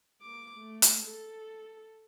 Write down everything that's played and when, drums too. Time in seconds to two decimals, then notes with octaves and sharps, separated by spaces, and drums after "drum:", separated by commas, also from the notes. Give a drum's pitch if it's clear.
0.22 A#3 D6
0.57 A3
0.82 drum: hi-hat
1.06 A4